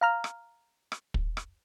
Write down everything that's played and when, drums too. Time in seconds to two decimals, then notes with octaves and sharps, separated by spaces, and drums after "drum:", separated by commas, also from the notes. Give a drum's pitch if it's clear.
0.01 F5 A#5 F6
0.24 drum: rim click
0.92 drum: rim click
1.14 drum: kick
1.37 drum: rim click